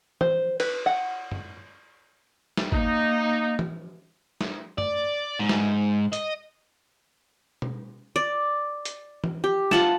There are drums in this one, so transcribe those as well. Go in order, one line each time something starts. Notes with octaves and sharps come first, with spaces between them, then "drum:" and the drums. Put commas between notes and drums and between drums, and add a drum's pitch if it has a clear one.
C5, drum: tom E3
B4, drum: cymbal
F#5
drum: tom
drum: snare
A#3 D#4, drum: kick G#1
drum: tom E3
drum: snare
D5, drum: tom
G#2
drum: snare
D#5, drum: hi-hat
drum: tom
D5
drum: hi-hat
drum: tom E3
G4
F4 F#5 A5, drum: snare